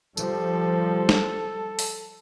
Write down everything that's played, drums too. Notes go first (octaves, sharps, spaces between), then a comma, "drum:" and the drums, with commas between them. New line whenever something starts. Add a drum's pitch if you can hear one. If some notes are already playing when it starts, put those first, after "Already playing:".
F3 G3 A4, drum: tambourine
drum: snare
drum: open hi-hat